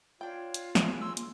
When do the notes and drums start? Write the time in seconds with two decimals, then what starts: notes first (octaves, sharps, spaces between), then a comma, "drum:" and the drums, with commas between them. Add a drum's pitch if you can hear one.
0.21 D4 F4 C#5 G5
0.54 drum: hi-hat
0.75 E3 F3 G#3 A3, drum: snare
1.02 C6 E6
1.17 A#3, drum: hi-hat